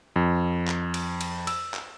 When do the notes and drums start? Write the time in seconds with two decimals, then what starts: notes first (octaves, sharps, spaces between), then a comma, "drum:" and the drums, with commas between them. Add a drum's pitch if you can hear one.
0.16 F2
0.67 drum: clap
0.94 drum: cymbal
1.21 drum: cymbal
1.47 E6, drum: cymbal
1.74 drum: clap